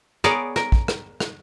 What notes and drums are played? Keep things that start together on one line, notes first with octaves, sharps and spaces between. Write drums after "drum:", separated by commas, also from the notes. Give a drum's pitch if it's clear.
B3 G#4 A#4 C#5 D5, drum: rim click
A#4, drum: rim click
drum: kick
drum: rim click
drum: rim click